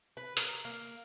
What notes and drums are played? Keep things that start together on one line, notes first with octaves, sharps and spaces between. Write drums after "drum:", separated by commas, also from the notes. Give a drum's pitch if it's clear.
B4
A#4, drum: hi-hat
A#3